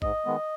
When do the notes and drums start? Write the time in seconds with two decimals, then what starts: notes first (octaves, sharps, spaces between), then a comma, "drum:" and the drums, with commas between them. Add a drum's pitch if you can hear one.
0.02 G#2 D#5, drum: kick A1
0.26 D#3 G#3 B3